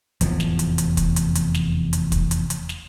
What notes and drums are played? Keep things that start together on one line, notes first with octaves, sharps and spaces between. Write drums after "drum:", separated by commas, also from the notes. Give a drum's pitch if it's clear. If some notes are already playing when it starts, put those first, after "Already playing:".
F1 E2 A2 F3, drum: hi-hat
drum: snare
drum: hi-hat
drum: hi-hat
drum: kick, hi-hat
drum: hi-hat
drum: hi-hat
drum: snare
drum: hi-hat
drum: kick, hi-hat
drum: hi-hat
drum: hi-hat
drum: snare